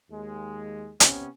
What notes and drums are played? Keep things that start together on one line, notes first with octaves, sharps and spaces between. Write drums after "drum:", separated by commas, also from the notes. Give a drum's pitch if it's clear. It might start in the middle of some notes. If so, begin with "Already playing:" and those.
D#2 G#3
C3 B3 C#4, drum: hi-hat